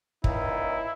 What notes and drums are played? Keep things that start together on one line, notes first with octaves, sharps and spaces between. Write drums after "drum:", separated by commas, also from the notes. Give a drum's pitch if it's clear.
C#2 A#2 D#4 E4, drum: kick